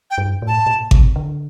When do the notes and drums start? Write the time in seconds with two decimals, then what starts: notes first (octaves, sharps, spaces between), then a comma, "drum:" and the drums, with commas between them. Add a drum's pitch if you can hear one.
0.11 G5
0.18 G2
0.42 A2
0.47 A5
0.66 A#2
0.91 C3, drum: kick G#1
1.16 D3